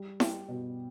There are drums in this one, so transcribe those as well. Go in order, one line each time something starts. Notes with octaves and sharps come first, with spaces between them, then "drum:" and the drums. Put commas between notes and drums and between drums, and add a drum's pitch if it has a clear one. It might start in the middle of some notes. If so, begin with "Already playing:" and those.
Already playing: G3
G4, drum: snare E4
B2